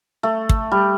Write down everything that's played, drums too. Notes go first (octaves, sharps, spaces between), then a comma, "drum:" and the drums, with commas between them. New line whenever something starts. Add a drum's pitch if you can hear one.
A3
drum: kick
G3